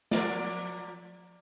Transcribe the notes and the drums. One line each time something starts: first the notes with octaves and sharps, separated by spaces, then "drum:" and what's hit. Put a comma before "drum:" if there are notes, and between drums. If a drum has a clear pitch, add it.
F3 A#4 D5, drum: snare